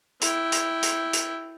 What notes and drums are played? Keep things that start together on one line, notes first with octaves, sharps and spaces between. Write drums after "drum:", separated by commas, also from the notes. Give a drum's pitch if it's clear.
E4 G5, drum: hi-hat
drum: hi-hat
drum: hi-hat
drum: hi-hat